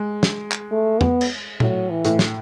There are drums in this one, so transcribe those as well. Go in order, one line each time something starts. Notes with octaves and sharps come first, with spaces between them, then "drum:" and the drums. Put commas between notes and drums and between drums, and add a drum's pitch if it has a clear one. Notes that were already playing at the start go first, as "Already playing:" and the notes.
Already playing: G#3
drum: snare
drum: clap
A3
B3, drum: tom
drum: cymbal
A2 F#3, drum: tom A#2
E3
A2, drum: hi-hat
drum: snare